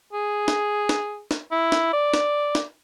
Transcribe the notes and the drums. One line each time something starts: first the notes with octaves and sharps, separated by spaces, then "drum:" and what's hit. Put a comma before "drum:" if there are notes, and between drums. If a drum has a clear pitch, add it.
G#4
drum: snare
drum: snare
drum: snare
E4
drum: snare
D5
drum: snare
drum: snare